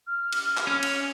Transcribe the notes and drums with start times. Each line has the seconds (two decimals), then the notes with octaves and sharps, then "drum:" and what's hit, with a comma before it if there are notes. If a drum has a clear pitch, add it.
0.07 F6
0.32 drum: cymbal
0.57 drum: clap
0.67 C#4
0.82 drum: cymbal